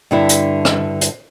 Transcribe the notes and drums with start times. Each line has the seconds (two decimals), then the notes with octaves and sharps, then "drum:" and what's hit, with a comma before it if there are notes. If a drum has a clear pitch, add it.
0.11 G2 D3 E4
0.29 drum: hi-hat
0.65 drum: rim click
1.01 drum: hi-hat